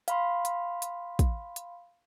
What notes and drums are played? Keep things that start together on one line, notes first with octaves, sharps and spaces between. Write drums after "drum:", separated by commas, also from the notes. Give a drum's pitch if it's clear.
F5 B5 C6, drum: hi-hat
drum: hi-hat
drum: hi-hat
drum: kick, hi-hat
drum: hi-hat